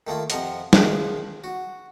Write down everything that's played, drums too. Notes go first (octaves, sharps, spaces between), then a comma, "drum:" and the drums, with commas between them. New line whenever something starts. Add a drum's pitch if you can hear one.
D#3 A3 A#3 F4
F2 C3 F3 D#5 F#5, drum: hi-hat
C#2 D#3 F3 A#3 G#4 E5, drum: snare
F#4